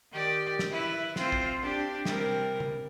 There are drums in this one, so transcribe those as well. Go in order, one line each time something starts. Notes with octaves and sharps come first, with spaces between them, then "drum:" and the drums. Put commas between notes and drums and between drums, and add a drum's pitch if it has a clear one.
D#3 G4 D5
drum: snare
E4 B4
C4 F4 C5, drum: snare
drum: kick
D4 G4
C3 G3 A#4, drum: snare
drum: tom